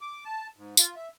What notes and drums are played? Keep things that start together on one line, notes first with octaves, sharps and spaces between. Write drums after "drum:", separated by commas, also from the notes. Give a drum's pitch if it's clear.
D6
A5
G#2
F4, drum: tambourine
E5